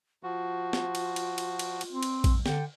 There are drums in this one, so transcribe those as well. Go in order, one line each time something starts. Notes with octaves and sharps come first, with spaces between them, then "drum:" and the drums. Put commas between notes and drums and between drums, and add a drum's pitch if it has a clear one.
F3 F4 F#4
drum: snare
drum: cymbal
drum: cymbal
drum: cymbal
drum: cymbal
drum: cymbal
C4
drum: cymbal
drum: kick A#1, cymbal
D3 G5, drum: snare